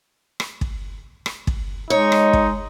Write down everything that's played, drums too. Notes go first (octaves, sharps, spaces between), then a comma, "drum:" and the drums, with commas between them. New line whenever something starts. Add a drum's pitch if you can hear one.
drum: rim click
drum: kick
drum: rim click
drum: kick
G#3 D#4 C#5
drum: rim click
drum: kick